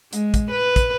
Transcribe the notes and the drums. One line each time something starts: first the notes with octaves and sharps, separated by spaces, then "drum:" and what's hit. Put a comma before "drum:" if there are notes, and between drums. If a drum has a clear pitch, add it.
G#3, drum: hi-hat
drum: kick, hi-hat
B4
drum: kick, hi-hat